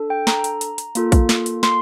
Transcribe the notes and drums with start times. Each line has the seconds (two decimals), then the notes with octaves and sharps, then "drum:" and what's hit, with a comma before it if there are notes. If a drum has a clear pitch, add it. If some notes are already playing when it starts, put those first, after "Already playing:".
Already playing: D4 A4
0.10 G5
0.27 A#5, drum: snare
0.44 drum: hi-hat
0.61 drum: hi-hat
0.78 drum: hi-hat
0.95 A#3 F4 A4, drum: hi-hat
1.12 drum: kick A#1, hi-hat
1.29 drum: snare
1.46 drum: hi-hat
1.63 C6, drum: snare